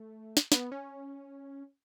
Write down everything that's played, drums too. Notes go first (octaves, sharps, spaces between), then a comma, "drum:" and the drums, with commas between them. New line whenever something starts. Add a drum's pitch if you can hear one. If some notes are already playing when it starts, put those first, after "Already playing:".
Already playing: A3
drum: snare
B3, drum: snare
C#4